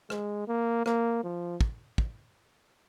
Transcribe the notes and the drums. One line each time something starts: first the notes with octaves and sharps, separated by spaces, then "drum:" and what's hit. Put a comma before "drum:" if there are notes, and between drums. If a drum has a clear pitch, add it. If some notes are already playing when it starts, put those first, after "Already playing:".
G#3, drum: rim click
A#3
A#3, drum: rim click
F3
drum: kick
drum: kick